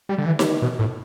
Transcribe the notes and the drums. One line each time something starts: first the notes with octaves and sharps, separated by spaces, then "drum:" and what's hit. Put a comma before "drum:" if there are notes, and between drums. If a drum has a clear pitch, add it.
G3
D3
E3
drum: snare D#4
B2
A2